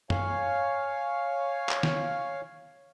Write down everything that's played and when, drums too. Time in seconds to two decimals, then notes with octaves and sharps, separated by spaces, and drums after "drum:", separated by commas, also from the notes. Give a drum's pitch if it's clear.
0.10 C#5 F5 G#5, drum: tom
1.69 drum: clap
1.83 drum: snare